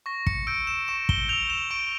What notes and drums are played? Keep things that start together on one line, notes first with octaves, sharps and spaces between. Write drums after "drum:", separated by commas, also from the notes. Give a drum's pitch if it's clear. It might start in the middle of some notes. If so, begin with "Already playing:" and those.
C#6 A#6
C#7, drum: kick
E6 G6 D7
E7
C#6 E7
G7, drum: kick
E6 G6 F7
E7
C#6 D7